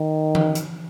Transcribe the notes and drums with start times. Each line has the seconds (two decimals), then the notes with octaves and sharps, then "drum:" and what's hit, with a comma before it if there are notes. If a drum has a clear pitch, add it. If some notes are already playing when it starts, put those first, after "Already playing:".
Already playing: D#3
0.35 drum: tom E3
0.55 drum: hi-hat